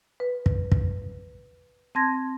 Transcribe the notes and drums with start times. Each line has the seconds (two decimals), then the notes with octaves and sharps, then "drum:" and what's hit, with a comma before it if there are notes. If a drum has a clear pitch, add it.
0.20 B4
0.46 drum: kick
0.72 drum: kick
1.95 C4 A5 C6 G#6 A#6